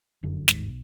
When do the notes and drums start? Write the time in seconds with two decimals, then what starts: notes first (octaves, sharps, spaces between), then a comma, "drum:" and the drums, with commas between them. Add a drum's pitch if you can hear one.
0.23 F1 F#2 D3
0.48 G1 D#2 G#2, drum: snare
0.68 B1